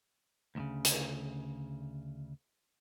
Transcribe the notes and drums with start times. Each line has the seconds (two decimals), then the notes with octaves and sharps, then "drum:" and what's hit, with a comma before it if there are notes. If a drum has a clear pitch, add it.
0.55 D2 A2 C#3
0.85 drum: hi-hat